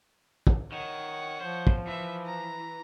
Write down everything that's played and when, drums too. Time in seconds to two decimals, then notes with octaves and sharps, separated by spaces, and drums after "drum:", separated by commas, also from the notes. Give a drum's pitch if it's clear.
0.47 drum: kick
0.72 D#3 C#5 F#5
1.41 F3 C5
1.67 drum: kick
1.87 E3 E5
2.27 A#5